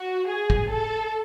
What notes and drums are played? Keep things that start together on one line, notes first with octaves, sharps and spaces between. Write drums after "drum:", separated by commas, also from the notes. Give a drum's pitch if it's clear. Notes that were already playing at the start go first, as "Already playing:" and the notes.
Already playing: F#4
G#4
drum: kick
A4